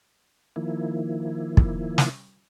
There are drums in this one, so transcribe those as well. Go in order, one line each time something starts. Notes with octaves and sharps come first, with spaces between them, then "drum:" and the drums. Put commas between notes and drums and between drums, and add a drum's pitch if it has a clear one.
D#3 F3 A#3 E4
drum: kick
drum: snare